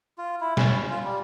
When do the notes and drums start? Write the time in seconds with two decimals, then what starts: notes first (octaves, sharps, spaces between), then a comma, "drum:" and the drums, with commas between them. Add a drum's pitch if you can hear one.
0.18 F4
0.41 E4
0.57 C#4, drum: snare
0.90 F4
1.04 G3